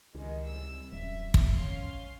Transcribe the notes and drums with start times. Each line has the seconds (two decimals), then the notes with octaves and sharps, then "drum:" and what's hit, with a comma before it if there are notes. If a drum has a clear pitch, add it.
0.15 C#2 D#3 G3 G#3
0.48 C2 E6
0.92 D#1 F#2 E5
1.34 drum: kick
1.53 C#4 F5 C6